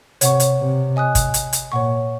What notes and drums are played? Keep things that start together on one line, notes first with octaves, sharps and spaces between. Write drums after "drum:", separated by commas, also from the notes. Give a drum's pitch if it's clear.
C3 C#5 F#5 C#6, drum: hi-hat
drum: hi-hat
C3
D#5 G#5 D#6 F#6
drum: kick, hi-hat
drum: hi-hat
drum: hi-hat
A#2 C#5 F#5 C#6